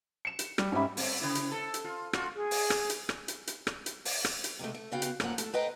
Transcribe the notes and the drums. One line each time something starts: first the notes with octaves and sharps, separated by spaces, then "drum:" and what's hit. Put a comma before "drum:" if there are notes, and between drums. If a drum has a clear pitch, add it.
C#7 E7
drum: hi-hat
G3, drum: rim click
G#2 C#4 G4 E5 B5
A3 C4, drum: open hi-hat
C#3 E4
drum: hi-hat
A4
drum: hi-hat
F4
F4 F#4, drum: rim click
G#4
drum: open hi-hat
drum: rim click
drum: hi-hat
drum: rim click
drum: hi-hat
drum: hi-hat
drum: rim click
drum: hi-hat
drum: open hi-hat
drum: rim click
drum: hi-hat
C3 G#3 A3
A3
C#3 B3 F#4 F5 G5
drum: hi-hat
F#2 A2 F3 A#3 F#5, drum: rim click
A3 A4, drum: hi-hat
B4 C5 D#5 F#5 G5 A#5